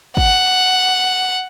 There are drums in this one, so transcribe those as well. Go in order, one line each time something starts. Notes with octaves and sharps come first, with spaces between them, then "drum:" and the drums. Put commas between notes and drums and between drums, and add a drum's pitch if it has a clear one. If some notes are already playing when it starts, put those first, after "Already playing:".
F#5, drum: kick